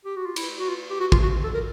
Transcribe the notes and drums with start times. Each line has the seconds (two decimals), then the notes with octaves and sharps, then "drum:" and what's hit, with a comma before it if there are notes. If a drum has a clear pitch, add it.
0.05 G4
0.16 F#4
0.26 F4
0.36 E4, drum: cymbal
0.60 F#4
0.69 F4
0.90 G4
1.00 F#4
1.12 F4, drum: kick
1.23 F#4
1.44 A4
1.54 A#4